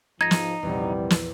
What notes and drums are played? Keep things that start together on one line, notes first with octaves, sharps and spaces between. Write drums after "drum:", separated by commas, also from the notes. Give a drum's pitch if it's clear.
G#2 F3 D#4 G#6 A#6
drum: snare
A#1 E2 C3 G3
drum: snare